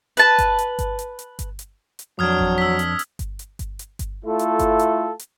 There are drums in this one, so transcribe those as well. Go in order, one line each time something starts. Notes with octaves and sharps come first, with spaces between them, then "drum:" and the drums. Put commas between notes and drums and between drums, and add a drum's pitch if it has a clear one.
B4 A5, drum: hi-hat
drum: kick G1, hi-hat
drum: hi-hat
drum: kick G1, hi-hat
drum: hi-hat
drum: hi-hat
drum: kick G1, hi-hat
drum: hi-hat
drum: hi-hat
F2 F#3 D4 D#6 F6 G#6
drum: kick G1
E6 B6
drum: hi-hat
drum: hi-hat
drum: kick G1, hi-hat
drum: hi-hat
drum: kick G1, hi-hat
drum: hi-hat
drum: kick G1, hi-hat
A3 E4 F4 A4
drum: hi-hat
drum: kick G1, hi-hat
drum: hi-hat
drum: hi-hat